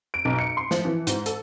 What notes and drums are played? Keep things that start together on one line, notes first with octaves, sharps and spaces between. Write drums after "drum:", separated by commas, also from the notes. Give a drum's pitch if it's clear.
D7
B1
C#7
C6
F3, drum: snare
E3
G#2, drum: hi-hat
A4, drum: hi-hat